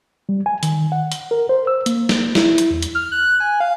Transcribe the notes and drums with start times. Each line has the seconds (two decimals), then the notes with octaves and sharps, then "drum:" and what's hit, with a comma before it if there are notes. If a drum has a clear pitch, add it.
0.29 G3
0.46 G#5
0.63 D#3, drum: hi-hat
0.92 F#5
1.12 drum: hi-hat
1.31 A#4
1.49 C5
1.67 E6
1.86 A#3, drum: hi-hat
2.09 drum: snare
2.35 E4, drum: snare
2.58 drum: hi-hat
2.71 E2
2.83 drum: hi-hat
2.95 F6
3.12 F#6
3.40 G#5
3.60 F5